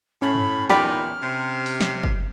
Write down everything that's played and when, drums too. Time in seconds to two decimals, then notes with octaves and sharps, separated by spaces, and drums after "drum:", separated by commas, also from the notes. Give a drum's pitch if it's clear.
0.22 A2 C#4 B5
0.35 drum: tom G2
0.69 E2 A#2 D#4 G4 D5 B5 F6, drum: snare
1.21 C3
1.66 drum: open hi-hat
1.80 drum: snare
2.03 drum: kick